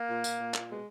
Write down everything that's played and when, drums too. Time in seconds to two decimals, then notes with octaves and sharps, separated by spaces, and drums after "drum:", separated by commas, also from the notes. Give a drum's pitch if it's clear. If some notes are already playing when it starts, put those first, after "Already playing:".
Already playing: A#3
0.08 A#2
0.24 A#2, drum: tambourine
0.39 A#2
0.54 A#2, drum: clap
0.69 B2 G#3